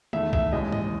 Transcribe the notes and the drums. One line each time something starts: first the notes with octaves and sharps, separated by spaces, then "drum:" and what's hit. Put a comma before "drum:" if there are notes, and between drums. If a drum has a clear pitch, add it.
E2 D#3 A3 E5, drum: tom
E5, drum: kick B1
D#2 C#3 E3 G#3 D#5
D#5, drum: tom G#2